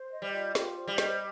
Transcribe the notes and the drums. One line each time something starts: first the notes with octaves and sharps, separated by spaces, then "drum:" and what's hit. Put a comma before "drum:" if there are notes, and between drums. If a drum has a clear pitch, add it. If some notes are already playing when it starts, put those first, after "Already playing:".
Already playing: C5
D#5
G3
F4
F4, drum: snare
C5
G3
D#5, drum: snare